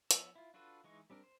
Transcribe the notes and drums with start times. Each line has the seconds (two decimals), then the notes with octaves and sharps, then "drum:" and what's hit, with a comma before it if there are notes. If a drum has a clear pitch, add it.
0.11 F3 B3 C#5 E6, drum: hi-hat
0.36 E4 F4
0.54 D4 F4 F#4 A4 B4
0.84 E3 G#3 D#4 C#6
1.10 G3 C4 D4 A#4
1.24 C5